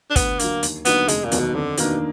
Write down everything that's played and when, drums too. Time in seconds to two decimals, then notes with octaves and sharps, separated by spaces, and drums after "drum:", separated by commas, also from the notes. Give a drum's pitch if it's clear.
0.10 D4
0.16 D2 B3, drum: kick, hi-hat
0.39 D3 F#3 A#3, drum: hi-hat
0.63 D#2, drum: hi-hat
0.85 D3 F#3 A#3 B3 D#4, drum: hi-hat
1.08 F1 G#3, drum: hi-hat
1.24 A#2
1.32 D#2 D#3 F#3 B3, drum: hi-hat
1.39 B2
1.54 F2 D3
1.77 B2 D#3 A#3 D4, drum: hi-hat